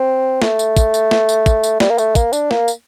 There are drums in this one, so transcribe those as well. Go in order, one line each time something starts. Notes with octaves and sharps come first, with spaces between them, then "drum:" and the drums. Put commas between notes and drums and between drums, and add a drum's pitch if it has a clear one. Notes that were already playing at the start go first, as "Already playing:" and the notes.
Already playing: C4
A3, drum: snare
drum: tambourine
drum: kick, tambourine
drum: tambourine
drum: snare
drum: tambourine
drum: kick, tambourine
drum: tambourine
G3, drum: snare
A#3
A3, drum: tambourine
A#3, drum: kick, tambourine
D4, drum: tambourine
A#3, drum: snare
drum: tambourine